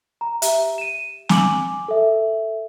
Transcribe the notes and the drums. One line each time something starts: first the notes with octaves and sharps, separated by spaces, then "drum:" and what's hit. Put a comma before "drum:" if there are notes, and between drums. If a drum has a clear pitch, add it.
A#5
G4 E5, drum: hi-hat
D#7 E7
G#5 D6 F#7, drum: snare
A4 E5